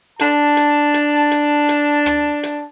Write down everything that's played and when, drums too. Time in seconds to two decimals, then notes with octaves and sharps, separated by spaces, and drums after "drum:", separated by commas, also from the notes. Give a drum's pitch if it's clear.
0.19 D4 A5, drum: hi-hat
0.57 drum: hi-hat
0.94 drum: hi-hat
1.31 drum: hi-hat
1.69 drum: hi-hat
2.06 drum: rim click
2.43 drum: hi-hat